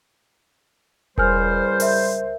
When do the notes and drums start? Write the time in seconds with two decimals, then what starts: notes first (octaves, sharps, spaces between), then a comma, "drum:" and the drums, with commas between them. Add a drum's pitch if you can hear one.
1.18 C#2 G3 A#4 C5 G#5 F6, drum: kick E1
1.80 A#4 E5, drum: open hi-hat